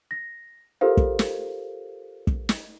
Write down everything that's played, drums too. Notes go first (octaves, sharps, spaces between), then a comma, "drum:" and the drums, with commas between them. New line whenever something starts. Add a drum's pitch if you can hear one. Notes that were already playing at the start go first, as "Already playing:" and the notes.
A#6
F4 G4 A4 A#4 C5 F5
drum: kick
drum: snare
drum: kick
drum: snare